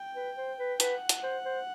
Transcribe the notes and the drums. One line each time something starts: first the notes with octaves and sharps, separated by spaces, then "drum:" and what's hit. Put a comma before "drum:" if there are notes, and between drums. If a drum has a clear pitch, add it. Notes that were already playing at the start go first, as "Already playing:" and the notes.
Already playing: G5
B4
C5
B4
B4 F#5, drum: hi-hat
drum: hi-hat
C5
C5